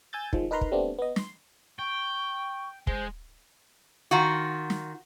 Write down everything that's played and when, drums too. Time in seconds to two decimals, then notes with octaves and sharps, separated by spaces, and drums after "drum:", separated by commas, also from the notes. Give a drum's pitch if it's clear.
0.13 G#5 E6 G6 A6
0.33 D#3 F3 G#3, drum: kick
0.51 D#4 A#4 B4 A#5 C6
0.61 drum: kick
0.72 G3 A3 B3 C4 D4
0.99 B3 D#5
1.16 C6, drum: snare
1.79 G5 C#6
2.87 G#3 C5, drum: kick
4.11 D#3 F4 F#4
4.70 drum: snare